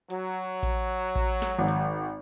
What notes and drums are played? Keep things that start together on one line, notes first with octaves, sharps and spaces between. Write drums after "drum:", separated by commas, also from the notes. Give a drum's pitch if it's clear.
F#3, drum: hi-hat
drum: kick A1, hi-hat
drum: kick A1
drum: snare
G#1
drum: hi-hat